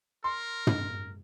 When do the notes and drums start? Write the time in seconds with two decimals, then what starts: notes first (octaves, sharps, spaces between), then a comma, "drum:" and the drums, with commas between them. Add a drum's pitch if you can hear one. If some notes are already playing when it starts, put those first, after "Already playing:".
0.24 A#4 C6
0.67 drum: tom